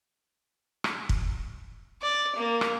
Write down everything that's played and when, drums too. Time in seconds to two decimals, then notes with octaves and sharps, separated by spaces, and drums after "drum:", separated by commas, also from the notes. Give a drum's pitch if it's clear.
0.84 drum: rim click
1.09 drum: kick
2.02 D5
2.36 A#3
2.61 drum: rim click